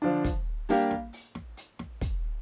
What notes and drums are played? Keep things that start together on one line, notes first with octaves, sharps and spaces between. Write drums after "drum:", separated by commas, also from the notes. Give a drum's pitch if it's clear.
D3 F3 D4
drum: kick, hi-hat
G3 A#3 D4 G4, drum: open hi-hat
drum: snare
drum: open hi-hat
drum: snare
drum: hi-hat
drum: snare
drum: kick, hi-hat